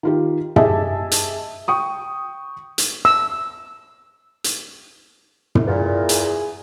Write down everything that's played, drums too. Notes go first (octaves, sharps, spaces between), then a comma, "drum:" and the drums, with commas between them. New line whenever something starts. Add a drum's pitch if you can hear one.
D#3 F4 G4
G4 G#4 D#5 E5 G#5 A5, drum: tom
drum: hi-hat
G5 C#6 D#6
drum: hi-hat
E6
drum: hi-hat
drum: tom
E2 A#2
G#4, drum: hi-hat